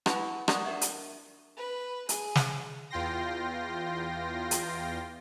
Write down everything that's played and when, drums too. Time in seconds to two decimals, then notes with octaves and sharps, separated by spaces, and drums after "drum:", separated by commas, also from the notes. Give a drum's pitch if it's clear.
0.06 E4 B4 F#5 A5 B5 C#6, drum: rim click
0.48 A#4 D5 F#5 C#6 D#6 G#6, drum: rim click
0.66 D4 A#4 E5
0.81 drum: hi-hat
1.57 B4
2.09 G#4, drum: hi-hat
2.35 drum: snare
2.90 E2 F4 G5 C6 A#6
4.51 drum: hi-hat